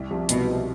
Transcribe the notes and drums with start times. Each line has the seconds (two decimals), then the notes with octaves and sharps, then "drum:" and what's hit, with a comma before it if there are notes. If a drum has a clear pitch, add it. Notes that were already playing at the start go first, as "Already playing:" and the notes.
Already playing: C2
0.10 C3 F3
0.29 C2 B2, drum: hi-hat
0.47 C3 F3